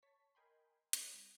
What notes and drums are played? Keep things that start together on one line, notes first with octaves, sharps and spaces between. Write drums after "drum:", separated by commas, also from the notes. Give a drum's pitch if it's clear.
C#5 A5 C#6 B6
A#4 D#5 G5 G#5 B5 C6
C4 D#4 A4 C#5 D5, drum: hi-hat
G3 G#6